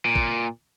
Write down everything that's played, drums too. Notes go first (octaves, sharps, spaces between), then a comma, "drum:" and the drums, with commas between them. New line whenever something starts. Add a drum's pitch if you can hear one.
A#2
drum: kick